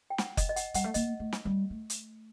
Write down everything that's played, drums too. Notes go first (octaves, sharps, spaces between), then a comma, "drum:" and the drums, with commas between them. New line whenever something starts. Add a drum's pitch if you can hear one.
G5
F#5, drum: snare
D#5, drum: kick F#1, hi-hat
D#5
F#5, drum: hi-hat
G3 F#5, drum: hi-hat
A3
A#3 D#5, drum: hi-hat
A3
drum: snare
G3
A3
drum: hi-hat